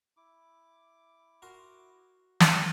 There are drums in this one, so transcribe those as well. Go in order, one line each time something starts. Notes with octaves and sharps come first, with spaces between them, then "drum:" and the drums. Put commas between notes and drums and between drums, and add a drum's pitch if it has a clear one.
E4 D6
F#4 A#4 C6
drum: snare